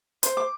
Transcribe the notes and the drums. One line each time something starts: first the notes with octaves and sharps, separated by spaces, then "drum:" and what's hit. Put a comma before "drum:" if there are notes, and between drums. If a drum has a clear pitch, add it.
C5, drum: hi-hat
D6